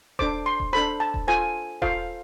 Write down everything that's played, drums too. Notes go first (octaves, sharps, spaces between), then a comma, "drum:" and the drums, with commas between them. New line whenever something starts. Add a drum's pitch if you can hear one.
D4 A4 C5 D6, drum: kick D#1
C6
drum: kick D#1
D4 A4 C5 B5
A5
drum: kick D#1
F4 A4 C5 G#5
F4 A4 C5 F5, drum: kick D#1